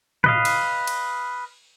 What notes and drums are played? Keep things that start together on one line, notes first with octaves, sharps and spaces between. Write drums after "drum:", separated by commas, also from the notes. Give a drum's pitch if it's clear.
B4 D#5 F5, drum: tom A2
drum: cymbal
drum: cymbal